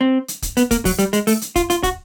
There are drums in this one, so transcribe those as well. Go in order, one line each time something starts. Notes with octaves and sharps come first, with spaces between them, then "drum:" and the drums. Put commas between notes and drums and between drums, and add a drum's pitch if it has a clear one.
C4
drum: hi-hat
drum: kick, hi-hat
B3, drum: hi-hat
A#3, drum: kick, hi-hat
F#3, drum: kick, open hi-hat
G3, drum: hi-hat
G#3, drum: hi-hat
A3, drum: open hi-hat
drum: hi-hat
F4, drum: kick, hi-hat
F4, drum: hi-hat
F#4, drum: kick, hi-hat